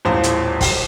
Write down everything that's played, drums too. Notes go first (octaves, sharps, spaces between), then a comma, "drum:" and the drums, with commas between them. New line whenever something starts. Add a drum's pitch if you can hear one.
D#1 A1 E2 C5 F5
drum: hi-hat
drum: kick, open hi-hat